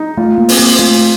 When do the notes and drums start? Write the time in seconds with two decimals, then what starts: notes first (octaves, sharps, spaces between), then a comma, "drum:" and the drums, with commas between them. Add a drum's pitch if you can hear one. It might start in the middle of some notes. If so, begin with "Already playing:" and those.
Already playing: D#4
0.17 A3 F4
0.38 A#3
0.49 C4, drum: open hi-hat
0.59 A#3
0.78 A3 F4